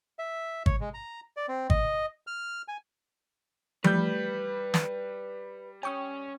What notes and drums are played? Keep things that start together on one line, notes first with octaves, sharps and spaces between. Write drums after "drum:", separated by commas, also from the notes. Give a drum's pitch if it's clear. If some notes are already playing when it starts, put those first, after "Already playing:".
E5
C#5, drum: kick
G#3
A#5
D5
C4
D#5, drum: kick
F6
G#5
E3 F3 G3 A3 B4 G6, drum: tom F3
drum: snare
C#4 G5 C#6 D#6